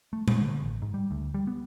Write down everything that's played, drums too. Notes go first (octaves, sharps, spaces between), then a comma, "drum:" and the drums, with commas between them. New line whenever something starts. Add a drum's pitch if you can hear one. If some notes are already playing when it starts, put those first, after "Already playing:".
A3
G#3, drum: tom A#2
D3
A1
G#2
G3
D2
G3
B3